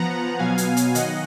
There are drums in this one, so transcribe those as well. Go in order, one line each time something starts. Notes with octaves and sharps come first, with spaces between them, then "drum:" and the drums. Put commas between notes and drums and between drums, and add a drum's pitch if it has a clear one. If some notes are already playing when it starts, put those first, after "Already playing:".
Already playing: F3 B3 F#5 A#5
B2 F#3 B3 F5 G#5
drum: hi-hat
drum: hi-hat
D#3 D#5 F#5, drum: hi-hat